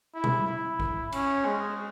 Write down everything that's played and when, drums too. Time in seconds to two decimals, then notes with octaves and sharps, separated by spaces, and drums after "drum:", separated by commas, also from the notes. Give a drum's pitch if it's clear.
0.14 E4
0.24 drum: tom B2
0.47 E4
0.80 drum: kick
1.12 C#4, drum: cymbal
1.45 G#3